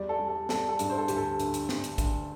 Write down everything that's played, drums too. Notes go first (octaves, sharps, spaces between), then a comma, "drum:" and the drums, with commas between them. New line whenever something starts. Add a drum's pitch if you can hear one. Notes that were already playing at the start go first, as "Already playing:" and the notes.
Already playing: E2 G3 D5
A4
G3
A4
G3 A4, drum: snare
A4
G2, drum: hi-hat
C5
A4
D2 G4, drum: hi-hat
A4
D2, drum: hi-hat
drum: hi-hat
D2, drum: snare
drum: hi-hat
D2, drum: kick, hi-hat